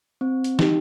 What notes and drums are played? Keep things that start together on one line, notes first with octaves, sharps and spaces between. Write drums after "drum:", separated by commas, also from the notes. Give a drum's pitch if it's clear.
C4
drum: hi-hat
D#4 G4, drum: snare